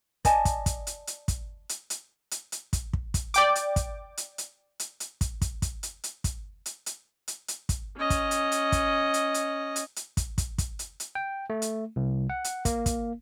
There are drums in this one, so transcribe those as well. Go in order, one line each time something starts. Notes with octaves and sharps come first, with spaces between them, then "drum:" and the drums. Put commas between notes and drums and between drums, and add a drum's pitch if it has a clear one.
D5 D#5 G#5 A5, drum: kick, hi-hat
drum: kick, hi-hat
drum: kick, hi-hat
drum: hi-hat
drum: hi-hat
drum: kick, hi-hat
drum: hi-hat
drum: hi-hat
drum: hi-hat
drum: hi-hat
drum: kick, hi-hat
drum: kick
drum: kick, hi-hat
D5 G5 D6, drum: hi-hat
drum: hi-hat
drum: kick, hi-hat
drum: hi-hat
drum: hi-hat
drum: hi-hat
drum: hi-hat
drum: kick, hi-hat
drum: kick, hi-hat
drum: kick, hi-hat
drum: hi-hat
drum: hi-hat
drum: kick, hi-hat
drum: hi-hat
drum: hi-hat
drum: hi-hat
drum: hi-hat
drum: kick, hi-hat
C#4 D#5
drum: kick, hi-hat
drum: hi-hat
drum: hi-hat
drum: kick, hi-hat
drum: hi-hat
drum: hi-hat
drum: hi-hat
drum: hi-hat
drum: kick, hi-hat
drum: kick, hi-hat
drum: kick, hi-hat
drum: hi-hat
drum: hi-hat
G5
A3
drum: hi-hat
C2
F#5
drum: hi-hat
A#3, drum: kick, hi-hat
drum: kick, hi-hat